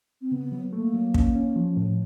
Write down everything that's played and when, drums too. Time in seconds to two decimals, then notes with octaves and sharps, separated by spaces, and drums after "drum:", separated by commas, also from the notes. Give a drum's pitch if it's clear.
0.22 C4
0.32 C#3 B3
0.52 F#3
0.73 A3 A#3
0.93 F#3
1.14 C#4, drum: kick
1.35 C#4
1.56 F3
1.77 A2